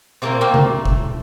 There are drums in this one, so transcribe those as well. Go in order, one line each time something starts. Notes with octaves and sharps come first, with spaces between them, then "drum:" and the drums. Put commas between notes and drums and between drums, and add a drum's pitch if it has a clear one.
A#2 F#3 A3 A#3 C4
A#3 C4
drum: tom C3
drum: kick